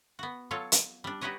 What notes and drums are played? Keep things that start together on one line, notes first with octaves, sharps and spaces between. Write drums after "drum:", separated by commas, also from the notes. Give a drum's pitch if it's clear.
B3 F#4
F#3 F4 A4 C#5 A5
drum: hi-hat
G3 D4
D#4 F#4 G4 B4 C#5 D#5